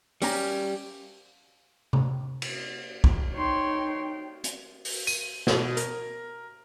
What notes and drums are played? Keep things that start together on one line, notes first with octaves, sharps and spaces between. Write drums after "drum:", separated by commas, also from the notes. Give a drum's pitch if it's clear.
G3 C#4 A#5, drum: open hi-hat
drum: tom C3
drum: cymbal
drum: kick
D#4 C#5 G5 C6
drum: hi-hat
drum: open hi-hat
D#7, drum: tambourine
B2, drum: snare
A#4, drum: hi-hat